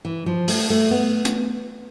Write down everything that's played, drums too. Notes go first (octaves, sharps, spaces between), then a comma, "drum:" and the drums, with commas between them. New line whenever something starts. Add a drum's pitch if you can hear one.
E3
F3
A3, drum: open hi-hat
A3
B3
drum: hi-hat